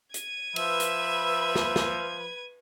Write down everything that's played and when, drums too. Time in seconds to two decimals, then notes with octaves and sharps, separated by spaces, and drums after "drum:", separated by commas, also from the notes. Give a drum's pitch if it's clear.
0.14 G#6 D#7, drum: hi-hat
0.56 F3 B4 E5, drum: cymbal
0.80 drum: hi-hat
1.56 drum: snare
1.76 drum: snare